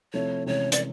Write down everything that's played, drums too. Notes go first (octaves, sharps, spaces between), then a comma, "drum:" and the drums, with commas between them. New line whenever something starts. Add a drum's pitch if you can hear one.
C3 F3 A3 C4 E4 C#5
C3 E3 G#3 C#4 C#5
D5, drum: hi-hat